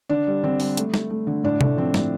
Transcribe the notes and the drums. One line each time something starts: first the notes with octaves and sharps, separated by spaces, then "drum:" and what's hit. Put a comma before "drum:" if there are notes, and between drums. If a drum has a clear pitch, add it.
D3 D4
G3
D3 C4
G3, drum: open hi-hat
A3, drum: hi-hat
A3, drum: snare
A3
D3
A2 D4
A3, drum: tom C3
F3 C4
A2, drum: snare